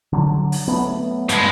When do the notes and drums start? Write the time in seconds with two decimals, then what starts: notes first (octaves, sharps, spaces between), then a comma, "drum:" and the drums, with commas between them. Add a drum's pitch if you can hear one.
0.13 D3 F#3
0.52 drum: open hi-hat
0.68 F#3 A3 B3
1.29 G2 B2 G#3, drum: hi-hat